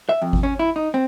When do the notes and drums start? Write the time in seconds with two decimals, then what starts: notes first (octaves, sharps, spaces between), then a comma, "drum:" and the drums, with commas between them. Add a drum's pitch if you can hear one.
0.09 E5
0.22 F2
0.33 drum: kick G#1
0.43 C#4
0.59 E4
0.76 D#4
0.94 C4